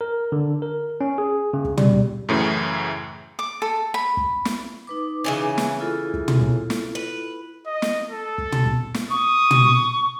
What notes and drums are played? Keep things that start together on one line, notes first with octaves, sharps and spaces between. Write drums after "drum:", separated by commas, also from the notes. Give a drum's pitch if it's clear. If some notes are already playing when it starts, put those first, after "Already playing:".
A#4
D3
A#4
C#4
G#4
C#3
drum: kick
G3, drum: tom
drum: kick
F#2 A2 C#3 E3
D6
A4
B5
drum: kick
drum: snare
D#4 B4 D6
C#3 E3 C#4
drum: snare
E4 F4 A4
drum: kick
drum: tom
drum: kick
drum: snare
B4
D#5
drum: snare
A4
drum: kick
drum: tom
drum: kick
drum: snare
C#6 D#6
drum: tom